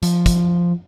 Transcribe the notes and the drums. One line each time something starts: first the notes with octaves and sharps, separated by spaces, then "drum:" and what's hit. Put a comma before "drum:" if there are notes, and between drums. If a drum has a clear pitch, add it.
F3, drum: hi-hat
drum: kick, hi-hat